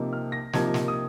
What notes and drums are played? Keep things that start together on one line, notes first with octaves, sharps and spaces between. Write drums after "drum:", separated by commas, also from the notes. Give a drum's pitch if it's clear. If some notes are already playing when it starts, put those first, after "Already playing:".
Already playing: C3 F3 A#3 D#4
F6
A#6
C3 F3 A#3 D#4 G#6, drum: snare
drum: snare
D#6